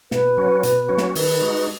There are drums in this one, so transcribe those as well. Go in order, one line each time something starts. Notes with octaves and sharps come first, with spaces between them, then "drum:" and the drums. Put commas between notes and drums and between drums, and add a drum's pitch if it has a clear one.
B2 B4, drum: snare
F#3 C#4 F#4
B2, drum: hi-hat
F#3 C#4 F#4
drum: snare
D#3 B4, drum: open hi-hat
G#3 D#4 F#4